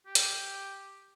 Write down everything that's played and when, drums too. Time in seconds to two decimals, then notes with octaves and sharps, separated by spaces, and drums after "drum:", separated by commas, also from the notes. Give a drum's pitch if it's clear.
0.06 G4
0.15 drum: hi-hat